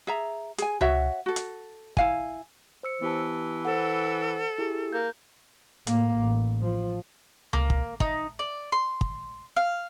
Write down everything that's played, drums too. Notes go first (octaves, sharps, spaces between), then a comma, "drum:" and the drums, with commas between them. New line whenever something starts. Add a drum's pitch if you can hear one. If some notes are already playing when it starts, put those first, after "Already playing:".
G#4 E5 A#5
G#4 G#5, drum: hi-hat
F#4 C#5 E5 F#5, drum: tom C#2
F#4 A4
drum: hi-hat
E4 F5 G#5, drum: kick
C5 E6 C#7
E3 B3 G4 A5
A4 C5 F#5
E4 G4 G#4
A#3 G6
A2 A#3, drum: hi-hat
A1
F3
A#3, drum: tom C#2
drum: kick
D#4, drum: kick
D5
C6
drum: kick
F5